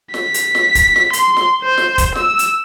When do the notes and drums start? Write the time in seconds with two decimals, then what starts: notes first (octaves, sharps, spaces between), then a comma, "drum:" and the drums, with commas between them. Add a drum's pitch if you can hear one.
0.14 B6, drum: snare
0.34 drum: hi-hat
0.55 drum: snare
0.75 drum: kick, hi-hat
0.96 drum: snare
1.13 C6, drum: hi-hat
1.37 drum: snare
1.63 C5
1.77 drum: snare
1.98 drum: kick, hi-hat
2.15 E6, drum: snare
2.39 drum: hi-hat